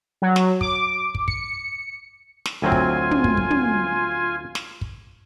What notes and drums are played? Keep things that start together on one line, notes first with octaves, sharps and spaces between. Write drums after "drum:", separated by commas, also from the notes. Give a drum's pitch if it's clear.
F#3
drum: snare
D6, drum: kick
drum: kick
C#7, drum: kick
drum: snare
D2 F#3 C4 F4 G#5
drum: kick
drum: tom
drum: kick
drum: kick
drum: tom
drum: snare
drum: kick